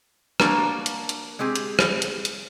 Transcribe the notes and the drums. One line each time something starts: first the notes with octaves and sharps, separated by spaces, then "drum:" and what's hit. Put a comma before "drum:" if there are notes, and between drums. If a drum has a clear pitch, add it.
A#3 D4 F#4 A#4 A5 A#5, drum: rim click
drum: hi-hat
drum: hi-hat
G#3 C4 G4 G#4
drum: hi-hat
drum: rim click
drum: hi-hat
drum: hi-hat